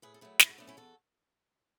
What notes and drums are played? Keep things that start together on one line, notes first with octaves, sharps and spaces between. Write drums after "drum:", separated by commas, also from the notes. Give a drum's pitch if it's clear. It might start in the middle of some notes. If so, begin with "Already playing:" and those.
A2 G#4 B4
A4
F#3 A3 G#4 B4
G#2 E4 G#4, drum: snare
F#4 A4
F#3 A3 B3 D4
C#4 E4
E2 F#4 A4